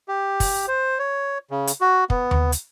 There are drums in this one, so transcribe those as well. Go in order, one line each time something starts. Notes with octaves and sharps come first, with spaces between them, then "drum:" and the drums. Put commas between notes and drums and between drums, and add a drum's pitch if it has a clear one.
G4
drum: kick, open hi-hat
C5
C#5
C#3
drum: hi-hat
F#4
B3, drum: kick
drum: tom D#2
drum: hi-hat